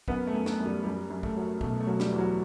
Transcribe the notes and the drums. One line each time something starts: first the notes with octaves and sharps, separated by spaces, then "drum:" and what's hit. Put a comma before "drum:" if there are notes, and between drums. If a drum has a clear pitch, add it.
F#2 B3, drum: kick
A3
F#2
A3, drum: snare
F#2
G3
F#2 G3
F#2
A3, drum: kick
F#3
B2 A3, drum: kick
A3
F#3
G3, drum: snare
E2
F#3